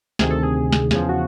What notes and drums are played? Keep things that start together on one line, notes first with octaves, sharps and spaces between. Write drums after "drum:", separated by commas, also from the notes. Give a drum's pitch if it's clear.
D2 C3 D#3 G#4, drum: snare
A4
G#4
drum: snare
E2 C#3 F3 G#4, drum: snare
F#4